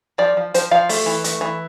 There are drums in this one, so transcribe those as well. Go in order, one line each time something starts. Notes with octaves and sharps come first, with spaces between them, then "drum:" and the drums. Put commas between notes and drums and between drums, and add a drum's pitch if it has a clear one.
F3 D5
F3
F3 C5, drum: hi-hat
F3 F5
A3, drum: open hi-hat
E3
A3, drum: hi-hat
E3